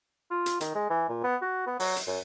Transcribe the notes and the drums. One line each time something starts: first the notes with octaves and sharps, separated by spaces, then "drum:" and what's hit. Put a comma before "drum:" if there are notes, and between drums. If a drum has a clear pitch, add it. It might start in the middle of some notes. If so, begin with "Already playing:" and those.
F4
drum: hi-hat
D#3, drum: hi-hat
G#3
E3
A#2
B3
F#4
B3
F#3, drum: open hi-hat
drum: hi-hat
F#2